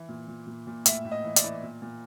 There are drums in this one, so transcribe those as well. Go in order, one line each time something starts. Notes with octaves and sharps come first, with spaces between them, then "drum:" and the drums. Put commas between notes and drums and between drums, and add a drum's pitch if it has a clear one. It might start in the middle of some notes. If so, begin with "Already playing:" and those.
Already playing: E3
A#2
A#2
A#2
A#2
A2 E5, drum: hi-hat
A2
D#5
E3
D5, drum: hi-hat
E3
A#2
A#2